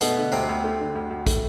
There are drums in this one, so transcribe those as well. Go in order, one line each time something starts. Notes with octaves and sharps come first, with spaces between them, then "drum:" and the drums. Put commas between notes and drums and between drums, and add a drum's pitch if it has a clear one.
B2 A3 B3, drum: hi-hat
D3
D2 C3 C4
D2
A3
D3
D2
D2
A3, drum: kick, hi-hat